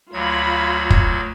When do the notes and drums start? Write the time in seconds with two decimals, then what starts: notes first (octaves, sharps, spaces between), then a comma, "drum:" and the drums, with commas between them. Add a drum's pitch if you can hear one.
0.13 D2 F#3 F4 B5 G#6
0.90 drum: kick